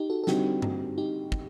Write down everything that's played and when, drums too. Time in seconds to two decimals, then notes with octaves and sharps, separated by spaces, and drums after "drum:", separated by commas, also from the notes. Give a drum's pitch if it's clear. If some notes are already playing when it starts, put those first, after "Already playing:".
Already playing: D#4 G4
0.10 F#4 A4
0.24 A4
0.27 D3 G3 C4 D#4 F#4 G4, drum: snare
0.62 drum: tom G2
0.98 D#4 G4
1.32 drum: kick